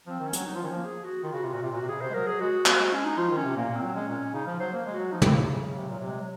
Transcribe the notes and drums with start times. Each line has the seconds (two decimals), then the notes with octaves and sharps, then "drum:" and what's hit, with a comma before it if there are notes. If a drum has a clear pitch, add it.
0.07 F3 C4
0.20 D#3
0.27 C#4
0.33 F#3, drum: hi-hat
0.38 C#4
0.46 F#3 D#4
0.55 F3 F4
0.63 D#3 C#4
0.71 F3 A#3
0.85 G#4
1.04 F#4
1.23 D#3 F4
1.33 C#3 F#4
1.43 C3 F4
1.52 A#2 F#4
1.62 C3 F4
1.72 A#2
1.75 F#4
1.81 C3
1.88 C#3 G#4
2.01 C3 C5
2.10 G#3
2.14 F#3 A#4
2.27 F#3 G#4
2.40 G#3 F#4
2.66 A#3, drum: clap
2.78 G#3
2.93 C#4
3.05 D#4
3.17 F3 F4
3.31 D#3
3.37 C#4
3.43 C3
3.56 A#2 A#3
3.69 A#2
3.76 C4
3.82 F#3
3.95 G#3 C#4
4.08 A#2
4.34 C#3 D#4
4.47 F3
4.60 F#3 C5
4.73 A#3
4.86 G#3
4.92 F#4
4.99 F#3
5.12 F3 D#4
5.22 D#3 C4, drum: tom
5.31 A#3
5.38 C3 F#3
5.50 C#3
5.63 C#3
5.76 C3
5.89 A#2 F#3
6.00 C3
6.08 G#3
6.19 F#3